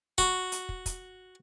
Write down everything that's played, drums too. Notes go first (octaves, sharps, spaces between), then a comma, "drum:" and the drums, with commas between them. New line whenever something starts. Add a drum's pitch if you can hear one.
F#4, drum: kick, hi-hat
drum: hi-hat
drum: kick
drum: kick, hi-hat